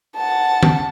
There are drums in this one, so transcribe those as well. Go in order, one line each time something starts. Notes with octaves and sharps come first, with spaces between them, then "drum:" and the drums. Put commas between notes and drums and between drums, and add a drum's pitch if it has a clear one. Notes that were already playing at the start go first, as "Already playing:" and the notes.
F#5 A5
drum: tom D#3